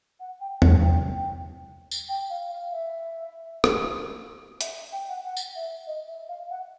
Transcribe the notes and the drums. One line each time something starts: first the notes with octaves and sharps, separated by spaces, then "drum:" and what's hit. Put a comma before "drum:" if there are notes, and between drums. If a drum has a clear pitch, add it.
F#5
G5
F#5, drum: tom E2
G5
drum: tambourine
G5
F5
F5
E5
drum: rim click
E5, drum: hi-hat
G5
F#5
F#5
drum: tambourine
E5
D#5
E5
F5
F#5